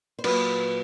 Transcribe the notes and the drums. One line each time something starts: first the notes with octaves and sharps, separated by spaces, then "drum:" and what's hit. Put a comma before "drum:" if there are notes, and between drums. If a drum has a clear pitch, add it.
C5
A#2 F#3 B4, drum: cymbal